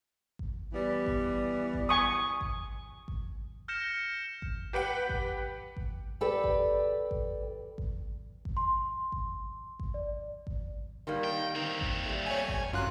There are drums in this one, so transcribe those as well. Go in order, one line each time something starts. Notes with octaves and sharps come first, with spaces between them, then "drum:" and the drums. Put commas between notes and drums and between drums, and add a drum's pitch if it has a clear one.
drum: kick G#1
E3 G3 B3
drum: kick G#1
drum: kick G#1
G#5 C#6 D#6
drum: kick G#1
drum: kick G#1
F6 G6 A#6 C#7 E7
drum: kick G#1
G4 B4 F#5 G5
drum: kick G#1
drum: kick G#1
G4 A4 B4 D5 G5
drum: kick G#1
drum: kick G#1
drum: kick G#1
drum: kick G#1
C6
drum: kick G#1
drum: kick G#1
D5
drum: kick G#1
D#3 G3 A#3
G5
D#3 A#3 C4
drum: kick G#1
G3 A3
C#5 G#5
drum: kick G#1
F#2 C3 F4 F#6